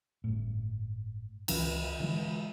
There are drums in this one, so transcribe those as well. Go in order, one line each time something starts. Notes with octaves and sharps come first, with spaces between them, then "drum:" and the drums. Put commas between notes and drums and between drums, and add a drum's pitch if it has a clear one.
G1 A2
C#2 E3 C#4, drum: cymbal
D3 E3 G#3